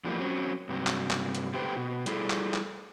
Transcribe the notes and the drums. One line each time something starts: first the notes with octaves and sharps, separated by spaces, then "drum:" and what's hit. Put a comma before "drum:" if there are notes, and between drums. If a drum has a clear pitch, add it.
E2 E3 F3 G3 A#3
F#3 C4 C#4
G2 C3 F#3
drum: clap
drum: clap
drum: hi-hat
D3 A3 G4 B4 C5 G5
B2
G3 E4 G#4 A4, drum: hi-hat
drum: clap
drum: clap